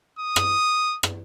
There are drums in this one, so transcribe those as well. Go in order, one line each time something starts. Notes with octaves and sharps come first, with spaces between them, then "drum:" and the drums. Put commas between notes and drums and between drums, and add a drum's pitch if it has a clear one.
D#6
drum: rim click
drum: rim click